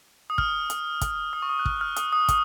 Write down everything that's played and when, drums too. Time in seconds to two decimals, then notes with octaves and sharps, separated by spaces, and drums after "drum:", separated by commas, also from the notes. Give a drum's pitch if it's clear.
0.30 D#6
0.38 F6, drum: kick
0.70 drum: hi-hat
1.01 drum: kick, hi-hat
1.33 D#6
1.42 C#6
1.49 D#6
1.59 F#6
1.65 F6, drum: kick
1.81 F6
1.96 D#6, drum: hi-hat
2.13 D#6
2.28 D#6, drum: kick, hi-hat